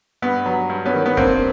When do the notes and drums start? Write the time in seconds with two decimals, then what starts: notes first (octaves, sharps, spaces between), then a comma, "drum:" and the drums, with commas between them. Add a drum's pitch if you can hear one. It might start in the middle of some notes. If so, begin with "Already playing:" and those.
0.22 G2 B3
0.46 F#3
0.69 G2
0.85 B3 C#4
0.94 D#3
1.06 B3
1.17 G2 A#3 C4, drum: kick